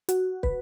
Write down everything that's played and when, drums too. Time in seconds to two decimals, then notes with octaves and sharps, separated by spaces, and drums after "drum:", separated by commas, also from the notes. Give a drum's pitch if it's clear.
0.09 F#4, drum: hi-hat
0.43 B4, drum: kick